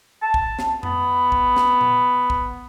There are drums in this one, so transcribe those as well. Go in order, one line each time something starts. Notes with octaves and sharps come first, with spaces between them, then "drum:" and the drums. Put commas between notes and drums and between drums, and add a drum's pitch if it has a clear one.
A5
drum: kick
drum: snare
B3, drum: tom F2
drum: kick
drum: snare
drum: tom A#2
drum: kick